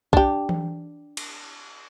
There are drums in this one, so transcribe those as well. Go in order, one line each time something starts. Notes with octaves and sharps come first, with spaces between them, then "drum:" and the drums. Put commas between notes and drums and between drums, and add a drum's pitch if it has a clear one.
D4 G4, drum: kick B1
drum: tom E3
drum: cymbal